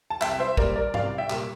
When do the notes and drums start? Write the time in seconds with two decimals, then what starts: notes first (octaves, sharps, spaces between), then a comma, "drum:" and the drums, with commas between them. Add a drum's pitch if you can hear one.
0.10 A5
0.21 C2 E5 G5, drum: clap
0.40 C5 E5
0.57 A#2 G3 A#3 A#4 D5, drum: kick
0.76 A#4 D5
0.94 C2 D5 F5, drum: tom G#2
1.18 E5 G5
1.30 A#2 G3 A#3, drum: clap